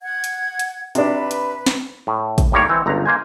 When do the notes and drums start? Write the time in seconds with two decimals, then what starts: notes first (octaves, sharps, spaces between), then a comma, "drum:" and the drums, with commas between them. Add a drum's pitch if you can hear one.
0.02 F#5 G#6
0.24 drum: hi-hat
0.59 drum: hi-hat
0.95 C3 D4 B4, drum: hi-hat
1.31 drum: hi-hat
1.66 drum: snare
2.07 A2
2.38 drum: kick, hi-hat
2.52 D#2 A2 G3 A#3 C#5
2.69 E3 C4
2.86 G1 C#2 A#5
3.06 A#3 C5 G#5